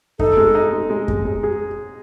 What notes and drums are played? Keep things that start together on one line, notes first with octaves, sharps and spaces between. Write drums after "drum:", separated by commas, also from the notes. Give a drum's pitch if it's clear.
D#4 A4, drum: kick F#2
G#3
D#4
G#3
G#3
G#3, drum: kick F#2
G#3
G#4